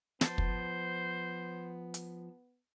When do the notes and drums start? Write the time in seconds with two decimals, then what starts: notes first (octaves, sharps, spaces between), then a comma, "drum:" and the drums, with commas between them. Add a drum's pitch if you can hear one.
0.21 F3 B3 C5 A5, drum: snare
0.38 drum: kick
1.94 drum: hi-hat